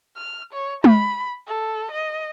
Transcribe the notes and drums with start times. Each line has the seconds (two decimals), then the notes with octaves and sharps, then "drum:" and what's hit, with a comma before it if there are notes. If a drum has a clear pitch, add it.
0.17 F6
0.53 C#5
0.84 B5, drum: tom G#3
1.47 A4
1.91 D#5